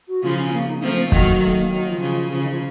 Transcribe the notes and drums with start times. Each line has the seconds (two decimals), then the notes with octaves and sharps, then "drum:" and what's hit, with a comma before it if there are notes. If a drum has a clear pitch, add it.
0.08 F#4
0.23 C#3 F3 F4
0.37 C#4
0.53 A#3
0.68 D#4
0.82 F3 A3 C4
0.98 A#3
1.12 D#3 F#3, drum: kick
1.42 D#3 A3
1.57 A#3
1.72 D#3 F#3
1.87 F3
2.02 C#3
2.32 C#3 F3
2.42 D#3
2.51 F3